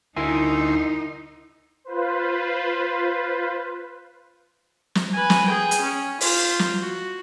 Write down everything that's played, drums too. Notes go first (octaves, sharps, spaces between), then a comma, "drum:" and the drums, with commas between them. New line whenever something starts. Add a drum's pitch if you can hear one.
D2 D#4 E4 A#4 E5 G#5 C6
F4 B4 C5
drum: snare
B4 G#5
drum: snare
G#4 G5
drum: hi-hat
C#4
F4 C5, drum: open hi-hat
drum: snare
F#4